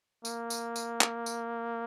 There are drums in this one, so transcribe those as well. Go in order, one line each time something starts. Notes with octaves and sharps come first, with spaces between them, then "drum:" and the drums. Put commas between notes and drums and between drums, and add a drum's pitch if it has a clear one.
A#3, drum: tambourine
drum: tambourine
drum: tambourine
drum: clap
drum: tambourine